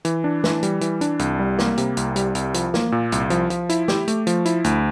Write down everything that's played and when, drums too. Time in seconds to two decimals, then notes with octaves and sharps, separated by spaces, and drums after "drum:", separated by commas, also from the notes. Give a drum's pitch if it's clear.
0.05 E3, drum: hi-hat
0.24 D4
0.44 E3, drum: snare
0.63 G3, drum: hi-hat
0.81 E3, drum: hi-hat
1.01 D4, drum: hi-hat
1.19 C2, drum: hi-hat
1.39 G3
1.59 A#3, drum: snare
1.78 C3, drum: hi-hat
1.97 C2, drum: hi-hat
2.16 G3, drum: hi-hat
2.35 C2, drum: hi-hat
2.54 F3, drum: hi-hat
2.74 A#3, drum: snare
2.92 A#2
3.12 C2, drum: hi-hat
3.30 F3, drum: hi-hat
3.50 F3, drum: hi-hat
3.69 E4, drum: hi-hat
3.88 G4, drum: snare
4.08 A3, drum: hi-hat
4.27 F3, drum: hi-hat
4.45 E4, drum: hi-hat
4.64 D2, drum: hi-hat